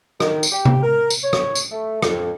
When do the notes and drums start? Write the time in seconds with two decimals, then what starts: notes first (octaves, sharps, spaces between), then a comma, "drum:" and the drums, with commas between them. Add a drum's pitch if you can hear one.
0.20 D#3, drum: rim click
0.43 drum: tambourine
0.52 G4
0.65 drum: tom C3
0.83 A#4
1.10 drum: tambourine
1.24 C#5
1.33 drum: rim click
1.55 drum: tambourine
1.72 A3
2.02 F2, drum: rim click